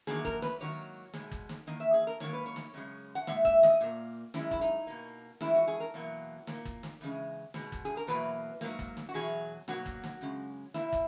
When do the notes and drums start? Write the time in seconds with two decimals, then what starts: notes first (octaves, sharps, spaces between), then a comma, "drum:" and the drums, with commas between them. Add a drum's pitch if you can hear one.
0.07 E2 D#3 F#3 A#3 G#4, drum: snare
0.25 A#4, drum: kick
0.42 B4, drum: snare
0.60 G#2 D#3 F#3 A#3 C#5
1.14 B2 G#3, drum: snare
1.31 drum: kick
1.49 drum: snare
1.67 E2 D#3 A#3 D#5
1.80 E5
1.94 G#4
2.07 A#4
2.20 G#2 D#3 F#3 A#3 C#5, drum: snare
2.33 B4
2.46 C#5
2.56 drum: snare
2.74 F#2 C#3 G#3
3.15 F#5
3.27 A#2 G#3 E5, drum: snare
3.45 E5, drum: kick
3.63 D#5, drum: snare
3.81 A#2 A#3
4.34 F#2 D#3 G#3 E4, drum: snare
4.51 E4, drum: kick
4.61 D#4
4.87 B2 A#3
5.41 E2 D#3 G#3 E4, drum: snare
5.55 F#4
5.68 G#4
5.80 A#4
5.94 E2 B2 F#3 A#3
6.47 A#2 A#3, drum: snare
6.65 drum: kick
6.83 drum: snare
7.01 E2 C#3 G#3
7.54 B2 G#3, drum: snare
7.72 drum: kick
7.85 G#4
7.97 A#4
8.07 E2 B2 F#3 A#3 B4
8.61 G#2 F#3 A#3, drum: snare
8.79 drum: kick
8.97 drum: snare
9.09 F#4
9.14 E2 B2 F#3 G#4
9.68 B2 F#3 A#3 F#4, drum: snare
9.86 drum: kick
10.04 drum: snare
10.21 F#2 C#3 G#3
10.74 B2 A#3 E4, drum: snare
10.93 drum: kick